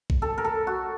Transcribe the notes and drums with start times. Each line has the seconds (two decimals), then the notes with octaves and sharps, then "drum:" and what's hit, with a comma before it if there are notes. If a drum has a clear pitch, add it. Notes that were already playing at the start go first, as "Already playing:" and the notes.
0.10 drum: kick A#1
0.22 A4
0.38 A#4
0.44 A4
0.67 F#4